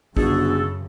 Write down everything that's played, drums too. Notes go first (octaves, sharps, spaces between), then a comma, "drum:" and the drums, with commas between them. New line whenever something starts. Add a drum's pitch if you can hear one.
G1 F#2 C#3 G#3 F#4 G#4 A4, drum: kick